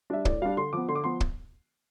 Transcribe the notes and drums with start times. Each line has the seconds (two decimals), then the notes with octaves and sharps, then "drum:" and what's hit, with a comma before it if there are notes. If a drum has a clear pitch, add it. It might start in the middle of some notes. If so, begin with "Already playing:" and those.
0.10 G3 D4 E5
0.25 A2 D5, drum: kick
0.42 G3 D4 F5
0.57 D3 C6
0.73 F3 B3 D6
0.88 D3 C6
0.95 D6
1.04 F3 B3 C6
1.20 drum: kick